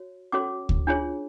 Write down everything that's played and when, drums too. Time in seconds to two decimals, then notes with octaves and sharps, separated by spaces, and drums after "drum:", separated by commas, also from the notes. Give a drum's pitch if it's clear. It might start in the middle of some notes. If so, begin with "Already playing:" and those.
Already playing: F#4 C#5
0.32 C#4 F#4 A4 C#5 D6
0.69 drum: kick D2
0.87 D4 F4 G#4 C#5